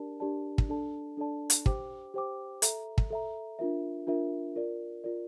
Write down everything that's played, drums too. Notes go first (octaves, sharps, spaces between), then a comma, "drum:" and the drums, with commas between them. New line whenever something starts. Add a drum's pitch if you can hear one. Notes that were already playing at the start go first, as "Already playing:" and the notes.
Already playing: D4 G4 A#4 D5 A5
D4 G4 A#4 D5 A5
drum: kick
D4 A4 D5 A5
D4 A4 D5 A5
drum: hi-hat
G4 C5 G5 D6, drum: kick
G4 C5 G5 D6
A4 E5 A#5, drum: hi-hat
drum: kick
A4 E5 A#5
D4 F4 A#4 E5
D4 F4 A#4 E5
F4 A#4 D5
F4 A#4 D5